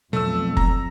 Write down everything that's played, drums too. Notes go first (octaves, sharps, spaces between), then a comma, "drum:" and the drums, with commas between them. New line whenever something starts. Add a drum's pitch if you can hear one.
B1 F2 A3 E6
A#5, drum: kick F#1